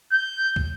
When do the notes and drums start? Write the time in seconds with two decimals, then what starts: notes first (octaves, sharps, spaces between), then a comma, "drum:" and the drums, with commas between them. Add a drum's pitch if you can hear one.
0.12 G6
0.56 drum: kick